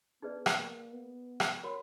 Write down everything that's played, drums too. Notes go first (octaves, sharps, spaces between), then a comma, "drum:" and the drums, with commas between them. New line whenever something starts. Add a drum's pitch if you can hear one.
B3 D#4 G#4 B4 D5
drum: rim click
A#3
B3
drum: rim click
F#4 A#4 C#5 F#5 B5